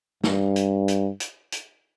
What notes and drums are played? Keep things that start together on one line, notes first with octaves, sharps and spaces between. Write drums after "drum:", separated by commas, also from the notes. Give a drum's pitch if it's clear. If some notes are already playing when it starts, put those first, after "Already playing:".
G2, drum: snare
drum: hi-hat
drum: hi-hat
drum: hi-hat
drum: hi-hat